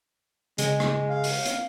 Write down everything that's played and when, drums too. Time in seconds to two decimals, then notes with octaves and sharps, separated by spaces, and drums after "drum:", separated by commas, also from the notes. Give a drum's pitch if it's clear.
0.58 C#3 G#3, drum: hi-hat
0.80 drum: rim click
1.09 F5
1.24 drum: open hi-hat
1.45 drum: hi-hat